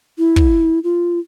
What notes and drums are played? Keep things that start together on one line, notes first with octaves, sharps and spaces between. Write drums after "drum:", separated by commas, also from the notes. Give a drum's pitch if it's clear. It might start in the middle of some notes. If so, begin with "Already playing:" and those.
E4
drum: kick
F4